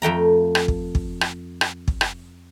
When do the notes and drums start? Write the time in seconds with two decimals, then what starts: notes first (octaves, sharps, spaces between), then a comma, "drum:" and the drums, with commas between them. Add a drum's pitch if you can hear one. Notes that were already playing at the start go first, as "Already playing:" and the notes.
0.02 F2 A3 G5 A#5
0.55 drum: rim click
0.68 drum: kick
0.95 drum: kick
1.21 drum: rim click
1.61 drum: rim click
1.88 drum: kick
2.01 drum: rim click